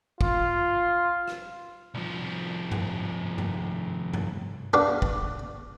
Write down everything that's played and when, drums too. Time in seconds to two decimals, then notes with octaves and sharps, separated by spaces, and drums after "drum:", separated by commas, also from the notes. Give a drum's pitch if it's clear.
0.21 F4, drum: kick
1.28 drum: rim click
1.95 C2 F3
2.72 drum: tom G2
3.38 drum: tom G2
4.14 drum: tom G2
4.73 D4 G4 B4 F5 F#5 C#6
5.02 drum: kick